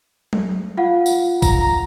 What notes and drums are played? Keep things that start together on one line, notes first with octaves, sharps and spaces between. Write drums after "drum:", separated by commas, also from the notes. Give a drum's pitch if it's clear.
drum: tom F#3
F4 F5 F#5
drum: tambourine
A#5, drum: kick, tambourine